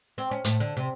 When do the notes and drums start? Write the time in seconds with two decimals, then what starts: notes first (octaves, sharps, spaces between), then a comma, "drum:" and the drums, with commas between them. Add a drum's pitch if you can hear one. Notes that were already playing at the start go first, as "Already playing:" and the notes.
0.18 C4
0.31 C#4
0.45 A2, drum: hi-hat
0.60 D3
0.77 C3